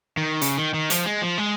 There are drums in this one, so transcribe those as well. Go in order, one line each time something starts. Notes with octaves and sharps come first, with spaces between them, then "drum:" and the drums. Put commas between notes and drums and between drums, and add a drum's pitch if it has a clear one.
D#3
C#3, drum: hi-hat
D#3
D#3
F3, drum: hi-hat
G#3
F3
G#3